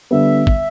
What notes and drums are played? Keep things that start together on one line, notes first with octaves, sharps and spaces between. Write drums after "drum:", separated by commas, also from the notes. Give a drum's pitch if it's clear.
D3 G3 B3 E5
drum: kick